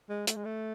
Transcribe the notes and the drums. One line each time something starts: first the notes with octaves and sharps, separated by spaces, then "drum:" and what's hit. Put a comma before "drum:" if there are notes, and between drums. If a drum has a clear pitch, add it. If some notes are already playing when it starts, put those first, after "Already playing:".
G#3
A3, drum: hi-hat
G#3
A3